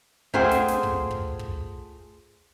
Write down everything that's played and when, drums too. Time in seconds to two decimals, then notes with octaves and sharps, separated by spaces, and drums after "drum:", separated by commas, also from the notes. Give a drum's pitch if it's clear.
0.34 A3 F4 G#4 C5 F#5 G5, drum: kick
0.51 drum: snare
0.68 drum: snare
0.83 drum: kick
1.11 drum: kick
1.39 drum: kick